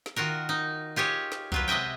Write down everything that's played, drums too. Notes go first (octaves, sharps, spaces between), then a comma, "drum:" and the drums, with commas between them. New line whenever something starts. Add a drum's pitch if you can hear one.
drum: snare
D#3 F4 F#4 A#4
D#4
F4 G4 G#4 C#5
drum: snare
F#3 F4 B4, drum: kick C2
C3 G#3 D#5 E5 G5